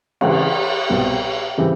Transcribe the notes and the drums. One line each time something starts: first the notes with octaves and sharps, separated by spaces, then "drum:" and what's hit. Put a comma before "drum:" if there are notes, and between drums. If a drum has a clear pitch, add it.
C#3 E3 G#3 C4, drum: cymbal
C2 B2 G3 C4
C#3 E3 G3 C4